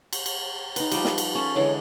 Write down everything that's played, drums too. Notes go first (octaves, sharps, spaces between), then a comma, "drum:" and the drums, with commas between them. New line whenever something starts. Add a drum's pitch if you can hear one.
drum: cymbal
drum: cymbal
D#4 B4, drum: cymbal
F3 G3, drum: cymbal
drum: snare
drum: cymbal
C#4 A4 B5
D3 E3 G#3 C#5